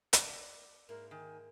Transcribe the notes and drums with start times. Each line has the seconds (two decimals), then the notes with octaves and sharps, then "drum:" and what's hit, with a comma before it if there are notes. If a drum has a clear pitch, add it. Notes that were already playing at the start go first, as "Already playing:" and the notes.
0.13 D5, drum: hi-hat
0.89 G#2 A#3 E4 A#4
1.11 D#3 G#5